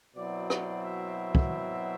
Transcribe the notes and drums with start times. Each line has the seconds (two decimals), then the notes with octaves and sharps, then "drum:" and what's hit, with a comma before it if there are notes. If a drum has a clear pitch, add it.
0.15 B2 F#3 C4 E4 D5
0.50 D5, drum: rim click
0.83 E5
1.35 drum: kick